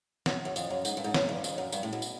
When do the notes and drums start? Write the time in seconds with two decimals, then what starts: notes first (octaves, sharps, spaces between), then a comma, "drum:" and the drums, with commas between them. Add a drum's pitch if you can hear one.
0.26 F#2, drum: snare
0.45 F#2
0.56 F2, drum: tambourine
0.70 F#2
0.85 G#2, drum: tambourine
0.97 G2
1.04 G#2
1.14 F#2, drum: snare
1.29 G2
1.44 F2, drum: tambourine
1.58 F#2
1.72 G2, drum: tambourine
1.83 A2
1.93 B2
2.02 drum: tambourine